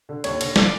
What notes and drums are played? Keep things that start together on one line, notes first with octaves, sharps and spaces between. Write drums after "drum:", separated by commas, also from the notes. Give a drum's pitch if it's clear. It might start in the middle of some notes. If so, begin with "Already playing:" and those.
D3
D#2 C#5, drum: cymbal
D3, drum: cymbal
D5, drum: snare